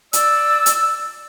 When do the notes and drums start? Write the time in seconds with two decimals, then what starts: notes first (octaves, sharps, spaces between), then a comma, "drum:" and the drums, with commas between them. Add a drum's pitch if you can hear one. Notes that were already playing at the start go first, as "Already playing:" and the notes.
0.13 D5 E6, drum: hi-hat
0.66 drum: hi-hat